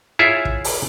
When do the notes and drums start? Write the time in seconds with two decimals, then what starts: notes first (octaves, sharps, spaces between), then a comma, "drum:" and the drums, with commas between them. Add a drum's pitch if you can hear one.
0.19 E4 F4 G#4 C#5 E5
0.45 drum: kick
0.64 drum: open hi-hat